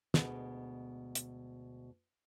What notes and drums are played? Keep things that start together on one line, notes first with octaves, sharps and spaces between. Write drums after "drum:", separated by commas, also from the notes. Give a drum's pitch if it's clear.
D2 B2 G#3 B4, drum: snare
drum: hi-hat